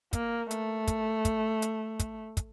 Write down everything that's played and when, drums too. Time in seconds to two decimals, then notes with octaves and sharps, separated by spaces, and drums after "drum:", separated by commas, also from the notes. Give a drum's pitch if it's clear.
0.13 A#3, drum: kick, hi-hat
0.51 A3, drum: hi-hat
0.87 drum: kick, hi-hat
1.25 drum: kick, hi-hat
1.62 drum: hi-hat
1.99 drum: kick, hi-hat
2.37 drum: kick, hi-hat